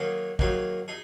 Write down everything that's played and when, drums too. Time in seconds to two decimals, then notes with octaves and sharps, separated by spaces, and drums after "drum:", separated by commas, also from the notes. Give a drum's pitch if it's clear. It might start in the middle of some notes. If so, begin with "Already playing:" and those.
Already playing: D#3 F#3 A#3 D#4 G#4
0.39 D#3 F#3 A#3 D#4 G#4, drum: kick
0.88 D#4 G#4